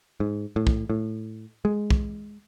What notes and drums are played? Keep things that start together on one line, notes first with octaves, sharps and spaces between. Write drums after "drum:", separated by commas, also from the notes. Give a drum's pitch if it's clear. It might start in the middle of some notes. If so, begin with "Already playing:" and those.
G#2
A2
drum: kick
A2
G#3
drum: kick